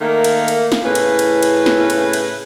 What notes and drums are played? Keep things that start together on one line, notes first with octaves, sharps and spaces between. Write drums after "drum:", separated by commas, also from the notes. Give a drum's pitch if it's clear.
D#3 A3 A#3
drum: cymbal
drum: cymbal
drum: snare
A2 C#3 C#4 E4 B4
drum: cymbal
drum: cymbal
drum: cymbal
drum: snare
drum: cymbal
drum: cymbal